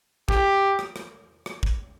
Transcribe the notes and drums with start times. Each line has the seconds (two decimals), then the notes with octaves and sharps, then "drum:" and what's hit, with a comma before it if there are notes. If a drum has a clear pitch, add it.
0.29 G4, drum: kick
0.79 drum: rim click
0.96 drum: rim click
1.46 drum: rim click
1.63 drum: kick